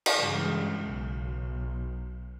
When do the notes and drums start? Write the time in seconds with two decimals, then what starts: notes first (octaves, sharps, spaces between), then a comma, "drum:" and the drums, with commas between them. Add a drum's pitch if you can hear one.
0.06 drum: cymbal
0.16 G2 C#3 E3 G#3
0.90 B1